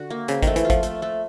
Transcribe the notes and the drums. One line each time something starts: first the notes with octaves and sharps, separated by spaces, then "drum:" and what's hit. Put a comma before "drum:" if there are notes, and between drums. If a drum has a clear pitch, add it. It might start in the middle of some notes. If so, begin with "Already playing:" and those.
Already playing: D3 F#4
A#3
C#3 C4, drum: hi-hat
D#3 A3, drum: kick G#1, hi-hat
E3, drum: hi-hat
F4
F3, drum: kick G#1, hi-hat
A3, drum: hi-hat
A3